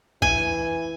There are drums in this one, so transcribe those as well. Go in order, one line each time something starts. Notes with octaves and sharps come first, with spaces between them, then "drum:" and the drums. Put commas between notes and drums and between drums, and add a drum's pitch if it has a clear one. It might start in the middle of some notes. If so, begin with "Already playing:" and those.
E3 G#5, drum: kick